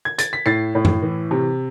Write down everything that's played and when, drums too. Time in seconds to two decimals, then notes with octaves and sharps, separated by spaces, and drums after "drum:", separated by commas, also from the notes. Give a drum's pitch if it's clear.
0.05 G#6
0.19 A6, drum: hi-hat
0.33 B6
0.46 A2 A6 C7
0.75 A2
0.85 drum: tom F#2
1.02 E3
1.31 C3